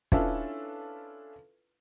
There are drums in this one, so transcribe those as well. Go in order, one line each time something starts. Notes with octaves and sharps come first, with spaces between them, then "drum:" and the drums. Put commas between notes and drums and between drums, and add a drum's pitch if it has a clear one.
C#4 D4 E4 F4 A4 B4, drum: kick